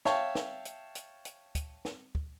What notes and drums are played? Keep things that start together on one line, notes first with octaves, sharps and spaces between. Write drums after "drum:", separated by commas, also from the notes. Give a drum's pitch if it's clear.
C#5 E5 F5 G5 A5 C#6, drum: snare
drum: snare
drum: hi-hat
drum: hi-hat
drum: hi-hat
drum: kick D2, hi-hat
drum: snare
drum: kick D2